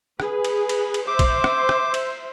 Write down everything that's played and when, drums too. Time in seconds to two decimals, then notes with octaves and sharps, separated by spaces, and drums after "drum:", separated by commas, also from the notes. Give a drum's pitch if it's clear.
0.20 G#4 B4, drum: rim click
0.44 drum: cymbal
0.69 drum: cymbal
0.94 drum: cymbal
1.07 C5 E5 D6
1.19 drum: kick, cymbal
1.44 drum: rim click
1.69 drum: rim click
1.94 drum: cymbal